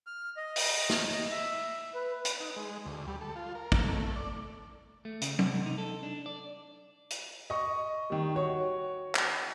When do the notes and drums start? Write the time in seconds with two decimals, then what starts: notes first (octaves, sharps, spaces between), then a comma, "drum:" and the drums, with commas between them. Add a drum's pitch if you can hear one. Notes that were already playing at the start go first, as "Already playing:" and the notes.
0.07 F6
0.37 D#5
0.56 drum: open hi-hat
0.89 drum: snare
1.31 E5
1.94 B4
2.25 drum: hi-hat
2.40 D#4
2.56 G#3
2.86 D2
3.08 G3
3.21 A4
3.36 F4
3.55 A#4
3.72 drum: kick
3.84 A3
4.16 D5
5.05 A3
5.22 C#3, drum: hi-hat
5.39 C3, drum: tom
5.66 D#4
5.78 A4
6.03 D4
6.26 D5
7.10 drum: hi-hat
7.50 D#5 C#6
8.10 D#3 G3
8.35 F#4 C#5
9.15 drum: clap